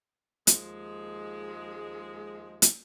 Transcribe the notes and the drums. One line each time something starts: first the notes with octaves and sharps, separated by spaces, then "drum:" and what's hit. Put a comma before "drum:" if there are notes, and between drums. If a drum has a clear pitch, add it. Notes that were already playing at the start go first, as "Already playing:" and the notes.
D#2 F3 G#3, drum: hi-hat
drum: hi-hat